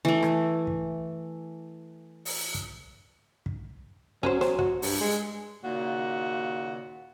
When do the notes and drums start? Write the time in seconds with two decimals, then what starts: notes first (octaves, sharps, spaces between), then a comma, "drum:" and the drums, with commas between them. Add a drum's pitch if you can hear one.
0.05 E3 A3
0.23 drum: rim click
0.67 drum: kick
2.25 drum: open hi-hat
2.54 drum: kick
3.46 drum: kick
4.23 F#3 C#4 B4 C5, drum: kick
4.41 C5, drum: snare
4.59 F#4, drum: kick
4.82 G2, drum: open hi-hat
5.00 G#3
5.63 D#2 A#2 C#3 F#4